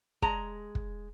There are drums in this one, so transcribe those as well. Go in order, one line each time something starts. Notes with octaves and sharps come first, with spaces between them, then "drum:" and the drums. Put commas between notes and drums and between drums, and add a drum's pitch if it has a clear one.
G#3 A#5, drum: kick
drum: kick